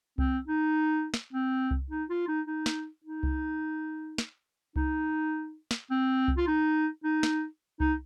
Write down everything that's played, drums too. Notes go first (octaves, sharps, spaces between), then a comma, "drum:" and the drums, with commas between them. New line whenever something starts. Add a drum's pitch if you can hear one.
C4, drum: kick C2
D#4
drum: snare
C4
drum: kick C2
D#4
F4
D#4
D#4
drum: snare
D#4
drum: kick C2
drum: snare
D#4, drum: kick C2
drum: snare
C4
drum: kick C2
F4
D#4
D#4
drum: snare
D#4, drum: kick C2